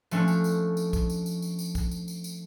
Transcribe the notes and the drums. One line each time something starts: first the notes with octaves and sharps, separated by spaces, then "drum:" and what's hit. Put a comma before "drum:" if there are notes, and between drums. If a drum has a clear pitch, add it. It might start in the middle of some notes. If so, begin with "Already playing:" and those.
F3 A3 C#4 D4, drum: tambourine
drum: tambourine
drum: tambourine
drum: tambourine
drum: kick, tambourine
drum: tambourine
drum: tambourine
drum: tambourine
drum: tambourine
drum: kick, tambourine
drum: tambourine
drum: tambourine
drum: tambourine